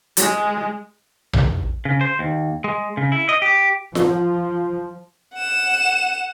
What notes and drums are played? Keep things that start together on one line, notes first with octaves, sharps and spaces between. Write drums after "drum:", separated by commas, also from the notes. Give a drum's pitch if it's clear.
G#3, drum: hi-hat
drum: tom A#1
C#3
C5
D#2
G#3
C#3
E4
D#5
G4
F3, drum: snare F4
F#5 E7